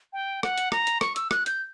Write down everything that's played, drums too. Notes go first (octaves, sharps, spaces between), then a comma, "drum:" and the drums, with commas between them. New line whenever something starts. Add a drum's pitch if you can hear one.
G5
F#5, drum: rim click
drum: hi-hat
A#5, drum: rim click
drum: hi-hat
C#6, drum: rim click
E6, drum: hi-hat
F#6, drum: rim click
G6, drum: hi-hat